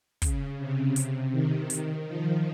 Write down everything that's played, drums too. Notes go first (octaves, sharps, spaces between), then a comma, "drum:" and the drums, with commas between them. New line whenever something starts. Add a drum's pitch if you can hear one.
C#3, drum: kick, hi-hat
C3
C3, drum: hi-hat
D#3
drum: hi-hat
F3